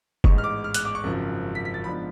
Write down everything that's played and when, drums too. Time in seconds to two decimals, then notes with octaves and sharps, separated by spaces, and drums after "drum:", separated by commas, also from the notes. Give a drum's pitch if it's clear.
0.24 A1 G#2 G#3 C#6, drum: kick F#1
0.38 F6
0.44 D6
0.64 F6
0.74 F#6, drum: hi-hat
0.85 D6
0.95 C#6
1.04 G#1 F#2 C#3 F3
1.55 B6
1.65 B6
1.74 A6
1.84 G#2 F3 B3 D4 B5